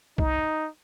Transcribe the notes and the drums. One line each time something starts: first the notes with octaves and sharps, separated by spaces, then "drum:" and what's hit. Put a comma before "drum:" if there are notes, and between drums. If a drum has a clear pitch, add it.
D#4, drum: kick C2